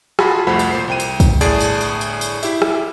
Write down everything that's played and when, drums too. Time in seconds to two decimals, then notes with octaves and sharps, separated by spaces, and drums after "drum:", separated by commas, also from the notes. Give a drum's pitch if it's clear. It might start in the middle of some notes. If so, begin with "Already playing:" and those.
0.19 F4 F#4 G#4 A5 B5, drum: rim click
0.47 C2 F2 A3 C5 F#5 B5
0.59 drum: tambourine
0.71 A#2 C5 C7
0.88 C2 G5 D#7
1.00 drum: tambourine
1.20 drum: kick, tambourine
1.41 G1 A2 G#4 D5 A5 D7, drum: tambourine
1.60 drum: tambourine
1.81 drum: tambourine
2.01 drum: tambourine
2.21 drum: tambourine
2.43 E4 G4 E5, drum: tambourine
2.62 drum: rim click